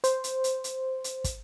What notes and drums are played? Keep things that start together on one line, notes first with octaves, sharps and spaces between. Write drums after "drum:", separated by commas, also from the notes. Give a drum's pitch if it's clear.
C5, drum: hi-hat
drum: hi-hat
drum: hi-hat
drum: hi-hat
drum: hi-hat
drum: kick, hi-hat